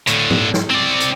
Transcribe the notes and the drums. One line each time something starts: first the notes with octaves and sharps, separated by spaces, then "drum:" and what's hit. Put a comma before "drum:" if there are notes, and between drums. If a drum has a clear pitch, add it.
A2 D3, drum: hi-hat
drum: tom G#2
drum: snare
C4 D5
drum: hi-hat